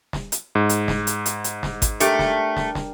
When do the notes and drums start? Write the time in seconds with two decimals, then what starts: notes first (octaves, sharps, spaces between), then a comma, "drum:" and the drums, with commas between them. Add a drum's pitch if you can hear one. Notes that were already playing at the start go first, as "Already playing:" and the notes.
0.13 drum: snare
0.32 drum: hi-hat
0.55 G#2
0.69 drum: hi-hat
0.88 drum: snare
1.07 drum: hi-hat
1.26 drum: hi-hat
1.44 drum: hi-hat
1.63 drum: snare
1.82 drum: kick G#1, hi-hat
2.00 A3 D4 G4 A#4, drum: hi-hat
2.19 drum: snare
2.57 drum: snare
2.75 drum: snare